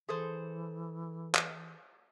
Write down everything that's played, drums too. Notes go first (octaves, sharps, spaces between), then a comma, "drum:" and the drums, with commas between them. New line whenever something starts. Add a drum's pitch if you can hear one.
E3 G#4 A4 C5
drum: clap